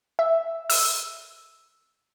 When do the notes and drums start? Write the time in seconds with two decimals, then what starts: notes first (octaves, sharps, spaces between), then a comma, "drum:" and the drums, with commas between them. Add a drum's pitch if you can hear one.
0.19 E5
0.70 E6, drum: open hi-hat